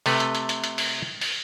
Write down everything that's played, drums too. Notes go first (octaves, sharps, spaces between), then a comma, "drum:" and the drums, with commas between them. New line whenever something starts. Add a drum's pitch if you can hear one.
C3 A3 A4 B4, drum: open hi-hat
drum: hi-hat
drum: hi-hat
drum: hi-hat
drum: hi-hat
drum: open hi-hat
drum: open hi-hat